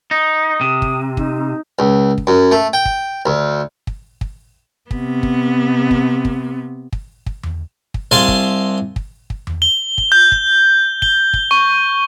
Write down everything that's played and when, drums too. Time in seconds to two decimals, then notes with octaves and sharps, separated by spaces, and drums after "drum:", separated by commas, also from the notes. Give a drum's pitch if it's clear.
0.11 D#4 D#6
0.61 C3
0.82 drum: kick
1.17 D#4, drum: kick
1.79 C#2
2.18 drum: kick
2.27 F#2
2.52 A3
2.73 G5
2.85 drum: kick
3.26 D2
3.87 drum: kick
4.21 drum: kick
4.91 C3 B3, drum: kick
5.23 drum: kick
5.91 drum: kick
6.25 drum: kick
6.93 drum: kick
7.26 drum: kick
7.43 drum: tom E2
7.94 drum: kick
8.11 C2 F5 G#5 A5 C6
8.28 drum: kick
8.96 drum: kick
9.30 drum: kick
9.47 drum: tom E2
9.62 G7
9.98 drum: kick
10.12 G6
10.32 drum: kick
11.02 G7, drum: kick
11.34 drum: kick
11.51 C#6